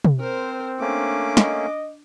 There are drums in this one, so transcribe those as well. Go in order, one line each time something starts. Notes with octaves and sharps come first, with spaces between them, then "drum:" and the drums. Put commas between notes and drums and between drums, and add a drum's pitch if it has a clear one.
drum: tom
C4 A#4 C5
A3 A#3 C#4 D4 D6
D#5, drum: snare